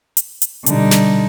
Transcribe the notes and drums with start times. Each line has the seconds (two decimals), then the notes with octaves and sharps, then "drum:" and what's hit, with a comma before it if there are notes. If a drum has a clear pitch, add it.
0.17 drum: hi-hat
0.42 drum: hi-hat
0.66 B2 D3 G3 D#4, drum: hi-hat
0.91 drum: snare